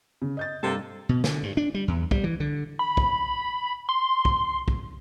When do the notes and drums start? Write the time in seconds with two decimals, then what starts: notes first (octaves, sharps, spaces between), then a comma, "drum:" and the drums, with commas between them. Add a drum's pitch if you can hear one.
0.22 C#3
0.37 D#5 G6 A6
0.63 G2 C3 A#3 A4
1.09 B2
1.24 D3, drum: snare
1.43 G2
1.57 D4
1.74 G3
1.88 E2
2.11 G3, drum: kick
2.24 E3
2.40 D3
2.79 B5
2.97 drum: kick
3.89 C6
4.25 drum: kick
4.68 drum: kick